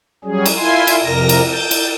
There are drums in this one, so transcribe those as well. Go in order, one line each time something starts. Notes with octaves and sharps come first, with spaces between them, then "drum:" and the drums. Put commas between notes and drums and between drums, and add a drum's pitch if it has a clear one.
F#3 G3 C#4 G#4
drum: cymbal
E4 F4 G#5 C6
drum: cymbal
F2 C3 A#4 A#6
drum: cymbal
G6 A6
drum: cymbal